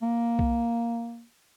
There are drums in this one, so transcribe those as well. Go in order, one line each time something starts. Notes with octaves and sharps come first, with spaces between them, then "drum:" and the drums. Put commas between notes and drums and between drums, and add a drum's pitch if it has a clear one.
A#3
drum: kick B1